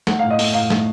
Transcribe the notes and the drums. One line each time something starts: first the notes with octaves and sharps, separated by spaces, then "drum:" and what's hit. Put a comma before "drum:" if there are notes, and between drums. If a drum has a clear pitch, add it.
A3 F#5, drum: snare
A2 F5
D#5
A3, drum: open hi-hat
A2 F5
A3, drum: snare